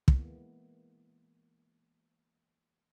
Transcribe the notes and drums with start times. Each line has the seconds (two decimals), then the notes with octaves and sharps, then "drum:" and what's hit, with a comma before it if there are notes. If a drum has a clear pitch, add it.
0.08 E3 G#3 A#3 B3, drum: kick